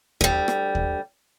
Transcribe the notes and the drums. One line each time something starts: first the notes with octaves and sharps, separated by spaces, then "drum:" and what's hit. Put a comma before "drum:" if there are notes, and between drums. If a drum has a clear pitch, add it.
D2 G3, drum: kick D#2
drum: rim click
drum: kick D#2